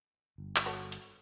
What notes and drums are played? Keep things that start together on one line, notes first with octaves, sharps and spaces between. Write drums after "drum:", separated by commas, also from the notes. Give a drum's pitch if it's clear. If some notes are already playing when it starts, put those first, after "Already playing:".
G1
drum: clap
F#4 A4 C#5
drum: hi-hat